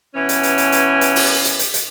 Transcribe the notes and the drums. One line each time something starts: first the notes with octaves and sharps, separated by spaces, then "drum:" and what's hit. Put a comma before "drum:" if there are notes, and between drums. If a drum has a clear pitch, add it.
B2 E3 C#4
drum: hi-hat
drum: hi-hat
drum: hi-hat
drum: hi-hat
drum: hi-hat
drum: open hi-hat
drum: hi-hat
drum: hi-hat
drum: hi-hat